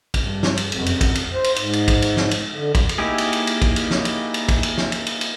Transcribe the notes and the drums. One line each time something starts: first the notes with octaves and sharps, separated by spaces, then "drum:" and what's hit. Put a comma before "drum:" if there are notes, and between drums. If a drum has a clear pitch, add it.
drum: kick, cymbal
G2
drum: snare
drum: cymbal
F1 F#2, drum: cymbal
drum: cymbal
drum: kick, cymbal
drum: cymbal
C5
drum: cymbal
G#2, drum: cymbal
drum: cymbal
drum: kick, cymbal
drum: cymbal
drum: snare
drum: cymbal
D3
drum: kick, cymbal
drum: cymbal
A#3 D#4 E4 G4 G#4
drum: cymbal
drum: cymbal
drum: cymbal
drum: kick, cymbal
drum: cymbal
drum: snare
drum: cymbal
drum: cymbal
drum: kick, cymbal
drum: cymbal
drum: snare
drum: cymbal
drum: cymbal
drum: cymbal